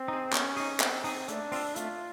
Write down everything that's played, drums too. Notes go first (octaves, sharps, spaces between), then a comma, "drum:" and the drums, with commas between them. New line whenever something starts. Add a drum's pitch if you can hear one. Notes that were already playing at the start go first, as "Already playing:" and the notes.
Already playing: C4
D#4 G#4
B3 C#4, drum: clap
D#4 G#4, drum: open hi-hat
B3 C4, drum: clap
D#4 G#4, drum: open hi-hat
A3 D4, drum: hi-hat
C4 F4 A4, drum: open hi-hat
A3 F4, drum: hi-hat